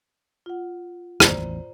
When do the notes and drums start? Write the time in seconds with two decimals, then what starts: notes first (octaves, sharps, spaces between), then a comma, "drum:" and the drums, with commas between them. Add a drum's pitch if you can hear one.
0.46 F4 F#5
1.20 A1 E2 C5 D5 A#5, drum: rim click